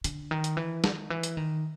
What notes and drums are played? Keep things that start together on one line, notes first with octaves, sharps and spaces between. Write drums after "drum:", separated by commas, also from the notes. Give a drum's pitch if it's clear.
D3, drum: hi-hat
D#3
drum: hi-hat
E3
D#3, drum: snare
E3
drum: hi-hat
D#3